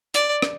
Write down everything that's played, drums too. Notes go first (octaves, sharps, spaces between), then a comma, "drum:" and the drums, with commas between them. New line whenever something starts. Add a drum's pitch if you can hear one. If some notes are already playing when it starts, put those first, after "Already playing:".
D5, drum: hi-hat
drum: rim click